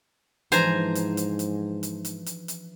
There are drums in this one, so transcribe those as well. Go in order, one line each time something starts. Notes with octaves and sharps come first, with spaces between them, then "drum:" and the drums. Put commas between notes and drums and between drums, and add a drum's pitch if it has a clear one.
G#2 E3 F3 D4 C5 G#5 A#5, drum: hi-hat
drum: hi-hat
drum: hi-hat
drum: hi-hat
drum: hi-hat
drum: hi-hat
drum: hi-hat
drum: hi-hat